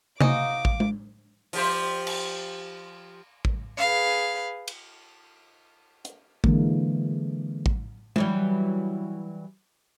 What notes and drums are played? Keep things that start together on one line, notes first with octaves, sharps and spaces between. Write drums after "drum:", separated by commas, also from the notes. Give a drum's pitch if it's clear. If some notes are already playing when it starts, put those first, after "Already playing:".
A#3 D#4 F#4 G#4 C5 D#5 D6, drum: tom C3
drum: kick A1
drum: tom G#3
F3 G4 C5, drum: open hi-hat
drum: cymbal
drum: kick A1
G#4 B4 F5
drum: cymbal
drum: hi-hat
D3 E3 G#3 A#3, drum: kick A1
drum: kick A1
E3 F#3 G3, drum: tom G#3